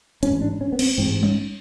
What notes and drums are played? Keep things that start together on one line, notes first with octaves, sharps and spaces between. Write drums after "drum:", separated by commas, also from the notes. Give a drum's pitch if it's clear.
A1 G#2 C#4, drum: hi-hat
D4
C#4
B3
C4, drum: cymbal
A1 G#2 C4
C#4, drum: tom